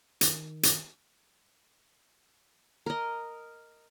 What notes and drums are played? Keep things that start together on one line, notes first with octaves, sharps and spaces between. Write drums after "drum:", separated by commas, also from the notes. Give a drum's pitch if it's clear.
D#3, drum: hi-hat
drum: hi-hat
A#4 D#5